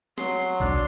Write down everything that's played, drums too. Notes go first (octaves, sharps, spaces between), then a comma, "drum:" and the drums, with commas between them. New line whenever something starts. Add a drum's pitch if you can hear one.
F#3 C6, drum: snare C4
D4, drum: kick A#1